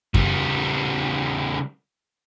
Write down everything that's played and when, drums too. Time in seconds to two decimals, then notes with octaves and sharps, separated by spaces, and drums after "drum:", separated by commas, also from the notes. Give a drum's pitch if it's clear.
0.14 C#3 G3, drum: kick F#2